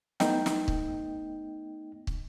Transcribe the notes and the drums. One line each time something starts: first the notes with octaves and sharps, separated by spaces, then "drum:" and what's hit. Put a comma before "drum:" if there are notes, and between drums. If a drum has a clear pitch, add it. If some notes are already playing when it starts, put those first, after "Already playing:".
A3 B3 D#4 D#5 G5, drum: snare
drum: snare
drum: kick
drum: kick